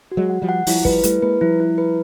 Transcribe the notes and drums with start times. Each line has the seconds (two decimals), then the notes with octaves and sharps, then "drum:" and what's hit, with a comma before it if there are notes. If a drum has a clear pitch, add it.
0.12 F#4
0.17 F#3 G#3
0.30 F#5
0.42 F3 G3
0.49 F#5
0.67 F3 G3 E4, drum: open hi-hat
0.82 F#3
0.85 F3 G3 B4, drum: kick
1.03 G3 A3 E4, drum: hi-hat
1.22 G#3 A#3 B4
1.41 F3 G3 E4
1.60 E4
1.78 B4